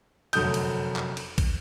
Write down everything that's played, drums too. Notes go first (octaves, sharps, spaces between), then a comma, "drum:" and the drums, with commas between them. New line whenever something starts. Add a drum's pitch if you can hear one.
F1 F#2 D3 D#6 G6, drum: cymbal
drum: cymbal
drum: clap
drum: cymbal
drum: kick, cymbal